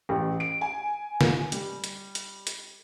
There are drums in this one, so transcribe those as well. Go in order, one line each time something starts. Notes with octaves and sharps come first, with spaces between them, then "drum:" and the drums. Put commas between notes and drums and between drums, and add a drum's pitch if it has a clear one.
A1
D7
G#5
drum: snare
G3, drum: hi-hat
drum: hi-hat
drum: hi-hat
drum: hi-hat